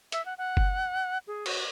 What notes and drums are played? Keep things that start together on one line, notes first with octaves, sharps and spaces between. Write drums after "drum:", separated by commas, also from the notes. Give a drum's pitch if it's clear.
E5, drum: hi-hat
F#5
F#5
drum: kick F#1
G#4
F#4, drum: cymbal